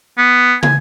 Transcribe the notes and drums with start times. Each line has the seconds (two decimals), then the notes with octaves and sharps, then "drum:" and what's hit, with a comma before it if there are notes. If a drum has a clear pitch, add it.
0.18 B3
0.63 G#5, drum: tom